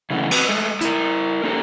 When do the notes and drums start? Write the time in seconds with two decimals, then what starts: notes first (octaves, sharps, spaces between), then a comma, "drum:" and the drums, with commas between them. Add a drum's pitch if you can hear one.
0.10 C#3 E3 F#3 A3 C#4
0.31 C4 F#4 B4, drum: cymbal
0.49 G#3 A3
0.81 E4 A#4, drum: hi-hat
1.44 A#3 C#4 D#4 G4 A4 A#4